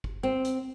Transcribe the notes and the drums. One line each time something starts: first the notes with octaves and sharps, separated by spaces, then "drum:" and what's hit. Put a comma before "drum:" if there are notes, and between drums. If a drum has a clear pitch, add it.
drum: kick
C4
drum: hi-hat